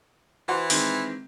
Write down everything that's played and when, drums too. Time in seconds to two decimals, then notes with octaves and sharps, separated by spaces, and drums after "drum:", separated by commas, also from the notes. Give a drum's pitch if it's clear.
0.48 E3 F#4 C5
0.70 D#3 G#3 C4, drum: open hi-hat